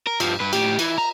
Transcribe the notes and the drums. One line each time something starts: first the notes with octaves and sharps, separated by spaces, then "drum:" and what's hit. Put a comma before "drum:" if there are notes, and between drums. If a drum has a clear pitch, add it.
A#4
G2 F3, drum: cymbal
G2 B4
A2 G4, drum: cymbal
E3, drum: cymbal
A#5